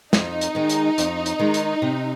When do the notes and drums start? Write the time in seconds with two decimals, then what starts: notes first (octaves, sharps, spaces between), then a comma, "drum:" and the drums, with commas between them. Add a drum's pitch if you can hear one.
0.13 F2 D#4, drum: snare
0.41 drum: hi-hat
0.55 D#3 G#3
0.70 drum: hi-hat
0.98 F2, drum: hi-hat
1.26 drum: hi-hat
1.39 D#3 G#3
1.54 drum: hi-hat
1.82 C3